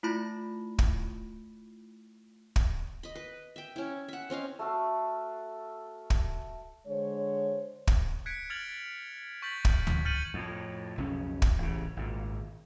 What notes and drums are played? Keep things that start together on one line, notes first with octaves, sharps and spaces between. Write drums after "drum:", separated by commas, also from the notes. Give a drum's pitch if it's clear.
A3 E4 F4 B5 A#6
drum: kick
drum: kick
D#5 B5
B4
E5 G5
C#4 E4
E5 F#5
C4 C#4 D#5 F5
A3 F#4 A4 F5
drum: kick
D3 G#3 C5 C#5
drum: kick
F#6 G#6 B6 C#7 D7
F6 G#6 A6 D7 F7 F#7
C#6 G6 A6 B6 F#7
drum: kick
drum: tom C#2
F6 G6 A6 C#7 D#7 F#7
F2 A2
B1 F2 C#3 C#4
drum: kick
A1 C#3
G#1 A#2